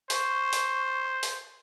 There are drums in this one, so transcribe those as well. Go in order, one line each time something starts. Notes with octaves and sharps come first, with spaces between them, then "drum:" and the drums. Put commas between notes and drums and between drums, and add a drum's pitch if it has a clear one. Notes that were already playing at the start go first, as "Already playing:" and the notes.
C5 C#6, drum: open hi-hat
drum: open hi-hat
drum: open hi-hat